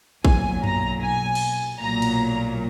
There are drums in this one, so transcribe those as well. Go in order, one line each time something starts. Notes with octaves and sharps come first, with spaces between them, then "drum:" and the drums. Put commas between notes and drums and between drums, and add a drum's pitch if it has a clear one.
B1 A#2 F#3 G#5, drum: kick
A#5, drum: tom F#2
G#5
drum: cymbal
B1 A#2 F#3 A#5
drum: cymbal